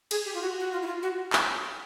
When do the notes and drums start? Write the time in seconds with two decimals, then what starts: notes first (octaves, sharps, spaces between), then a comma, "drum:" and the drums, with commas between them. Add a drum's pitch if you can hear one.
0.11 G#4, drum: cymbal
0.25 G4
0.34 F4
0.42 F#4
0.60 F#4
0.72 F4
0.83 E4
0.87 F4
1.03 F#4
1.33 drum: clap